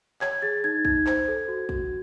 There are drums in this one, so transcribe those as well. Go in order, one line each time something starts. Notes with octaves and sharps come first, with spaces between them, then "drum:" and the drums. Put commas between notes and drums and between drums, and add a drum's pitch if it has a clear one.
C#5 G#6, drum: clap
G#4 A6
D#4 G#6
D#4 G#6, drum: kick
C5, drum: clap
A4
F#4
F#4, drum: kick